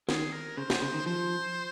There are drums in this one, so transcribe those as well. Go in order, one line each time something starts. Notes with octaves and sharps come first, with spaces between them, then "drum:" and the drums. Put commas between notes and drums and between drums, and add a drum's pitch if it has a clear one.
D#3 G#4, drum: snare
A#4
C#3 C5
C3, drum: snare
C#3
D#3
F3 C5